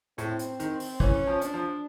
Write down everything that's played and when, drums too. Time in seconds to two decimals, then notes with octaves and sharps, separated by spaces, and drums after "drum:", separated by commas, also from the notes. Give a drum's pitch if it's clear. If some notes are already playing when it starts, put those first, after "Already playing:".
0.18 A2 C4, drum: hi-hat
0.39 drum: hi-hat
0.60 D#3, drum: hi-hat
0.80 drum: open hi-hat
1.00 E3 C#4, drum: kick
1.27 F3
1.41 D4, drum: hi-hat
1.54 F3